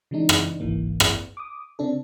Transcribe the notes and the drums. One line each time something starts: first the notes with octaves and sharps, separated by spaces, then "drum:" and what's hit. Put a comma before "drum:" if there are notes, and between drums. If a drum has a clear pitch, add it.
C#3 E3 G#3 D4 D#4
drum: rim click
G1 C2 G#2 E3 A#3
drum: rim click
D6 D#6
C#3 C4 D4 A4